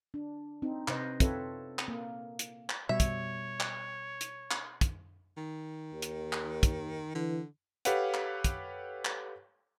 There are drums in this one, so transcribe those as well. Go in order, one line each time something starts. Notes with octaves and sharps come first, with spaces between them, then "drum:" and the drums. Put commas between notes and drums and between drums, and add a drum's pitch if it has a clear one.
D4
C4 D#4
C3 B4 C5 D#5, drum: clap
C4 F4 A4 B4 C#5 E5, drum: kick, hi-hat
drum: clap
A#3
drum: hi-hat
drum: clap
B2 G3 C#5 E5
drum: kick, hi-hat
drum: clap
drum: hi-hat
drum: clap
drum: kick, hi-hat
D#3
D#2
drum: hi-hat
drum: clap
drum: kick, hi-hat
D3 E3
G4 A4 B4 C#5 F5 F#5, drum: hi-hat
drum: clap
drum: kick, hi-hat
drum: clap